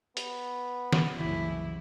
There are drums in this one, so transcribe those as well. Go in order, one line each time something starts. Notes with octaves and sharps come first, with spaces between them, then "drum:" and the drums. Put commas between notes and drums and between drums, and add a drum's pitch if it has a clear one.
B3, drum: hi-hat
drum: snare
F#1 C2 C#3 E3 E4 G4